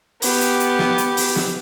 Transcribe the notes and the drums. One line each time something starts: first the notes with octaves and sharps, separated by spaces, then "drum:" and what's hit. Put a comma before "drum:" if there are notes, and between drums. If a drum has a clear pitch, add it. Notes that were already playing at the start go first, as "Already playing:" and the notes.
B3 G4, drum: open hi-hat
drum: hi-hat
drum: hi-hat
drum: snare
drum: hi-hat
drum: open hi-hat
drum: snare